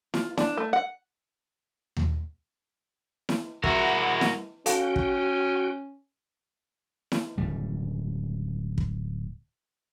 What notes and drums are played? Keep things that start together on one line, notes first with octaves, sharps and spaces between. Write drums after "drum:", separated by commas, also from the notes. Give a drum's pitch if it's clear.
F4, drum: snare E4
D4, drum: snare E4
A3
F#5
drum: tom D#2
drum: snare E4
G3 E4 F#4 A#4, drum: kick
drum: snare E4
C#4 F#4 A4 F5 G5 A5, drum: hi-hat
drum: kick
drum: snare E4
D1 C#3 G3
drum: kick